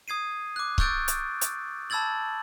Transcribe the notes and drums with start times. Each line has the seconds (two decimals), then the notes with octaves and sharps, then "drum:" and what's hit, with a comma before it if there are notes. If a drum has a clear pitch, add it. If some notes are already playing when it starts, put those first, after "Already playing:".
0.08 D#6 G#6 C7 D#7
0.56 D6 F#6
0.78 C#6 E6 F#6 G6 A6 D7, drum: kick C#1
1.08 drum: hi-hat
1.41 drum: hi-hat
1.90 A5 B5 E6 G#6 A6 F#7